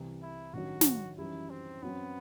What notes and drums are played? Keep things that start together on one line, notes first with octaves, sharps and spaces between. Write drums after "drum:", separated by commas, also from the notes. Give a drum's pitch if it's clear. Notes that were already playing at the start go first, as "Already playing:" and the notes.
Already playing: C2 C3 E3
E4
A1 G2 D#3 F#3 F#4
drum: snare
F#2 E3 G3 D#4 E4
C4
F#2 F#3 B3 C4